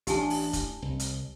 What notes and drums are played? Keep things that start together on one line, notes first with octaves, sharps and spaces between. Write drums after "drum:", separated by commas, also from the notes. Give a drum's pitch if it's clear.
A1 D4 G4 G#5 A5, drum: hi-hat
drum: open hi-hat
drum: kick, hi-hat
C2
drum: hi-hat